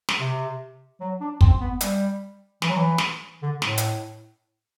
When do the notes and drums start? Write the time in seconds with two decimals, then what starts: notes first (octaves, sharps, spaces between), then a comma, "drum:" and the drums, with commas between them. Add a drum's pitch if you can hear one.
0.09 drum: snare
0.20 C3
1.00 F#3
1.21 D4
1.41 C4, drum: kick
1.61 B3
1.81 G3, drum: hi-hat
2.62 E3, drum: snare
2.69 F#3
2.76 E3
2.98 drum: snare
3.42 D3
3.62 A2, drum: snare
3.78 drum: hi-hat